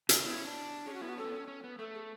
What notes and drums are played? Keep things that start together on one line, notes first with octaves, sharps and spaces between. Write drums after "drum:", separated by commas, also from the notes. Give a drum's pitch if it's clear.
C#3, drum: hi-hat
C#4
B3 E4
D4
C#4
D4
C#4 G#4
F#4
B3 E4
F#4
C#4 A4
B3
C#4
C#4
B3
A3 A4
G#4